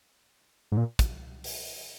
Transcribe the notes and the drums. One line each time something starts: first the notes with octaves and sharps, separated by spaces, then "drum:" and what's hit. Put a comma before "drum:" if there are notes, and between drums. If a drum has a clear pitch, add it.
G#2
A#2
drum: kick, hi-hat
drum: open hi-hat